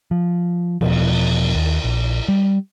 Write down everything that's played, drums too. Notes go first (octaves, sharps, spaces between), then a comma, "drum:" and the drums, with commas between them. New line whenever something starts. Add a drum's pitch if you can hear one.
F3
E1 B2 F3, drum: cymbal
D#2
A#1
G3